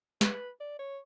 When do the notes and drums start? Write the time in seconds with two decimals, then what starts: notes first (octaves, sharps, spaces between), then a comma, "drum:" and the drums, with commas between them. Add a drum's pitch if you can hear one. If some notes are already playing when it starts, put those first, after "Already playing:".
0.21 B4, drum: snare
0.61 D5
0.79 C#5